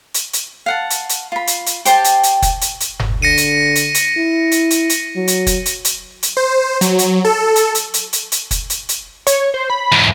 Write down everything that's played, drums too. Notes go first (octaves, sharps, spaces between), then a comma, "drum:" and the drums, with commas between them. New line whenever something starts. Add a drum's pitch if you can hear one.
drum: hi-hat
drum: hi-hat
F5 F#5 A5
drum: hi-hat
drum: hi-hat
F4 B5
drum: hi-hat
drum: hi-hat
G4 C5 G5 A5, drum: hi-hat
drum: hi-hat
drum: hi-hat
drum: kick, hi-hat
drum: hi-hat
drum: hi-hat
drum: tom F#1
D3 A#6 C#7 D#7
drum: hi-hat
drum: hi-hat
drum: hi-hat
E4
drum: hi-hat
drum: hi-hat
drum: hi-hat
F#3
drum: hi-hat
drum: kick, hi-hat
drum: hi-hat
drum: hi-hat
drum: hi-hat
C5
F#3, drum: hi-hat
drum: hi-hat
A4
drum: hi-hat
drum: hi-hat
drum: hi-hat
drum: hi-hat
drum: hi-hat
drum: kick, hi-hat
drum: hi-hat
drum: hi-hat
C#5, drum: hi-hat
C5
B5
E2 G#2